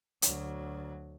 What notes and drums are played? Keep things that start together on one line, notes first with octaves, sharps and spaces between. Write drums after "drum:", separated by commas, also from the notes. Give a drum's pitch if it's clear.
D2 F#3, drum: hi-hat